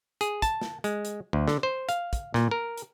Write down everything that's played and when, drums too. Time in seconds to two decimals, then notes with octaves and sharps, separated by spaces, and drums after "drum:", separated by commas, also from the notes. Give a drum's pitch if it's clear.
0.21 G#4, drum: hi-hat
0.42 A5, drum: kick, hi-hat
0.61 drum: snare
0.84 G#3, drum: hi-hat
1.05 drum: hi-hat
1.33 D2
1.48 D3, drum: snare
1.63 C5
1.89 F5, drum: hi-hat
2.13 drum: kick, hi-hat
2.34 A#2, drum: snare
2.51 A#4
2.77 drum: hi-hat